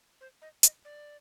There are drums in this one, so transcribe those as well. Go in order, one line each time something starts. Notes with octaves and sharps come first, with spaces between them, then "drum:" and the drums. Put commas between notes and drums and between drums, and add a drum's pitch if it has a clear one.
C5
D#5
D#5, drum: hi-hat
D5